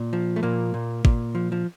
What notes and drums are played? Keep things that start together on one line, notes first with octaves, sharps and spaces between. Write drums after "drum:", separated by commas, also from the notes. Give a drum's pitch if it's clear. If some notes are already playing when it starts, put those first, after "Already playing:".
Already playing: A#2
F3
A3
A#2 A#3
A#2
A#2, drum: kick
F3
F3